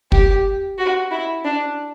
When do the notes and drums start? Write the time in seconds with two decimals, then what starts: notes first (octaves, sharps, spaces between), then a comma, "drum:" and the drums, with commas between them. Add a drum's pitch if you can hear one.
0.12 G4, drum: kick
0.78 F#4
1.11 E4
1.45 D4